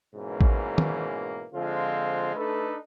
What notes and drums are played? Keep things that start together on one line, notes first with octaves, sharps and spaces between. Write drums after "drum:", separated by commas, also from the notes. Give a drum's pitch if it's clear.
G#2 B2 E3 A#3 C#4
drum: kick A1
drum: tom
D3 F3 G#3 C4 F4
A3 D4 D#4 A4 B4